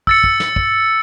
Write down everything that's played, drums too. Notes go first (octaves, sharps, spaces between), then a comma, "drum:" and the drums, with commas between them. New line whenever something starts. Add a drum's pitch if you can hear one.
E6 A6 C#7, drum: kick
drum: kick
drum: snare
drum: kick